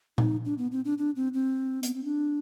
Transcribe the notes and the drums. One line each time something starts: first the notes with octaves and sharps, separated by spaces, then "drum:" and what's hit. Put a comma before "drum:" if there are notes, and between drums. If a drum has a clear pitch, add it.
D#4, drum: tom A#2
D4
B3
C4
D4
D4
C4
C4
B3, drum: hi-hat
C4
D4